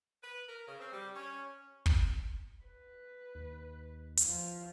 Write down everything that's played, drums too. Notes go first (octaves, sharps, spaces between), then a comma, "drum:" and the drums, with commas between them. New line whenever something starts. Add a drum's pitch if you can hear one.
B4
A#4
C#3
C4
G3
C#4
drum: kick
B4
D#2
drum: hi-hat
F3